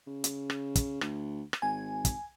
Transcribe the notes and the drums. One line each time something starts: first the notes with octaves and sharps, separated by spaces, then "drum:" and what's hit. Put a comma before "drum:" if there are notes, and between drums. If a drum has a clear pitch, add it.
C#3
drum: hi-hat
drum: rim click
drum: kick, hi-hat
D2, drum: rim click
drum: rim click
G#1 G#5
drum: kick, hi-hat